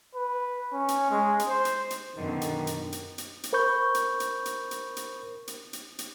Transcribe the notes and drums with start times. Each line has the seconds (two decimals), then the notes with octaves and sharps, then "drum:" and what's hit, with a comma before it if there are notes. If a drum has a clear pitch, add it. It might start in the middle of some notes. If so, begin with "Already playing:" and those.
0.15 B4
0.73 C#4
0.88 drum: hi-hat
1.11 G#3
1.39 drum: hi-hat
1.49 C5
1.65 drum: hi-hat
1.90 drum: hi-hat
2.16 F#2 B2 D3 D#3
2.41 drum: hi-hat
2.67 drum: hi-hat
2.92 drum: hi-hat
3.18 drum: hi-hat
3.44 drum: hi-hat
3.53 A#4 C5 B5 C#6 G6
3.95 drum: hi-hat
4.20 drum: hi-hat
4.46 drum: hi-hat
4.71 drum: hi-hat
4.97 drum: hi-hat
5.48 drum: hi-hat
5.73 drum: hi-hat
5.99 drum: hi-hat